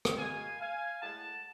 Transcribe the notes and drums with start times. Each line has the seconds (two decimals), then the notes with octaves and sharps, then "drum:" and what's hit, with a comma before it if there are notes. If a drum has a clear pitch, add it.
0.05 drum: rim click
0.18 B2 G#3 F5 G#5
0.60 F5 G#5
1.01 A2 G#3 F#5 A5